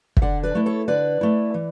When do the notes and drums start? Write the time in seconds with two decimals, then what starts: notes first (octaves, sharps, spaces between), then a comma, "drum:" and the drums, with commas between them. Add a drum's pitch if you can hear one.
0.17 E5, drum: kick
0.22 D3 D5 F#5
0.43 B4 D5
0.55 A3 E4
0.66 A4 C#5
0.88 D3 B4 D5
1.21 A3 E4
1.54 E3